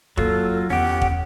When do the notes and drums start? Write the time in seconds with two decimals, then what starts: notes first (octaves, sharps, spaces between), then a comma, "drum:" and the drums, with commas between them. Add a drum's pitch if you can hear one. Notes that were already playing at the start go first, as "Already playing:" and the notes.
0.18 F#2 F#3 A#3 F4 A4, drum: kick
0.70 E2 C#4 G4 F#5
1.02 drum: kick